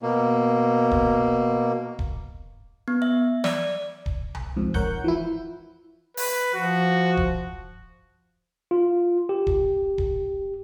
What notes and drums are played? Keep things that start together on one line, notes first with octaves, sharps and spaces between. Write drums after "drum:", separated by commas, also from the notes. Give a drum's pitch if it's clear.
B2 A#3
drum: kick D#1
drum: kick D#1
B3
E5
D5, drum: snare
drum: kick D#1
drum: tom C2
F2 G#2 F3
A#4 C#5 F#5 G6, drum: kick D#1
E3 F3 E4
B4, drum: open hi-hat
F3 F#4
drum: kick D#1
F4
G4
drum: kick D#1
drum: kick D#1